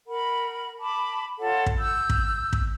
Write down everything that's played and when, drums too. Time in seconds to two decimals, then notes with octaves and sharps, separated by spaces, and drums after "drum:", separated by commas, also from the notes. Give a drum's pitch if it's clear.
0.07 A#4 F#5 B5
0.80 A5 B5 D6
1.40 F4 A4 C#5 F#5
1.66 drum: kick
1.78 E6 G6
2.10 drum: kick
2.53 drum: kick